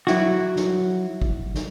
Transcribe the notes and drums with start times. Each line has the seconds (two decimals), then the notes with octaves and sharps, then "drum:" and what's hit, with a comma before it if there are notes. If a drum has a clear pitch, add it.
0.07 F#3 E4 F#4, drum: snare
0.56 drum: snare
1.22 drum: kick G#1
1.54 drum: snare